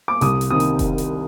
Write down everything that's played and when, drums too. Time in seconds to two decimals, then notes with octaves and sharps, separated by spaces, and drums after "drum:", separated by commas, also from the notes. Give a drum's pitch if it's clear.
0.08 D6
0.21 C2 D#6, drum: hi-hat
0.41 drum: hi-hat
0.51 C3 D#3 D#6
0.60 drum: hi-hat
0.79 drum: kick F1, hi-hat
0.98 drum: hi-hat